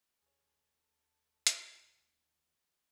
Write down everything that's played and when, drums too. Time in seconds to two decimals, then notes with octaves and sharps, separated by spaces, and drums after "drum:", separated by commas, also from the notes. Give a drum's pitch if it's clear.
0.22 D#2 G#4 A4 C#5
1.47 drum: hi-hat